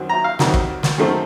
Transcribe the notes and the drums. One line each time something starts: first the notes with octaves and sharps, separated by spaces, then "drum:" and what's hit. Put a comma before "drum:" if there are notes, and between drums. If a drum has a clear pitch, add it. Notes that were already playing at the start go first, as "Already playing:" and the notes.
Already playing: F#2 D#3 F#3 C4
A#5
F5
F2 C3 D#3 F#3, drum: snare
drum: kick
drum: snare
F#2 D#3 A3 C4